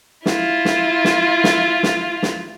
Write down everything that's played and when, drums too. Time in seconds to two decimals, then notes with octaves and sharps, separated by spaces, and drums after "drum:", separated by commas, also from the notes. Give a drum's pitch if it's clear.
0.26 E4 F4, drum: snare
0.65 drum: snare
1.04 drum: snare
1.44 drum: snare
1.83 drum: snare
2.23 drum: snare